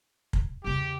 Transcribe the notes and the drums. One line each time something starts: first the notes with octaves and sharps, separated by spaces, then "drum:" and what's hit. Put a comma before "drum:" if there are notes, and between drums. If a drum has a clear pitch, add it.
drum: kick
E2 C#3 G4